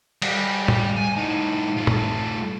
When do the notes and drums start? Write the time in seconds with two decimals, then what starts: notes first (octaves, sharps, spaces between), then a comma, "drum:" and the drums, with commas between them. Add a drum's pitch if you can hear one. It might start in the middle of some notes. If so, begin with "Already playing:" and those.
0.22 G3, drum: cymbal
0.68 drum: tom
0.97 G#5
1.16 A2 D#4
1.77 A3 F4
1.87 drum: tom